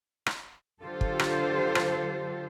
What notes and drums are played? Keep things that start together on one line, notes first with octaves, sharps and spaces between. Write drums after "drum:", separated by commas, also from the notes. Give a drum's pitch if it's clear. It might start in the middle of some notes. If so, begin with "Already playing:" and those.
drum: rim click
D3 F#3 F4 G4 A4 C5
drum: kick
drum: rim click
drum: rim click